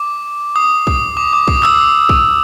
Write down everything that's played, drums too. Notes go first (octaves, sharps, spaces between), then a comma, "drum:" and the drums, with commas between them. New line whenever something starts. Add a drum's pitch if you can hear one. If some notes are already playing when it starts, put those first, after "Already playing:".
Already playing: D6
D#6
D#6, drum: kick
D6
D6
D#6, drum: kick
E6, drum: clap
drum: kick